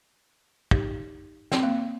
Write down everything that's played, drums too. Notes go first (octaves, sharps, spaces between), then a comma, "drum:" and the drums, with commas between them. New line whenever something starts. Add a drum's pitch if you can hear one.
D#4 G4, drum: kick
C4, drum: snare
A#3